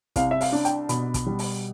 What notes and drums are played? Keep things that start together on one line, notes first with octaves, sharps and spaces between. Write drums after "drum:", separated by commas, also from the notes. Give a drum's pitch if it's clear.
C2 F5, drum: kick, hi-hat
E5
F5, drum: open hi-hat
D4
G5, drum: hi-hat
B2 B5, drum: hi-hat
drum: kick, hi-hat
G3
drum: open hi-hat